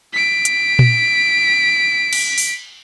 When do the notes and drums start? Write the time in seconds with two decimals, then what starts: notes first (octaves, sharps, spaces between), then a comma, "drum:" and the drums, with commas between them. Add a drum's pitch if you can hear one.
0.13 B6 D7
0.45 drum: hi-hat
0.79 drum: tom A#2
2.13 drum: cymbal
2.38 drum: open hi-hat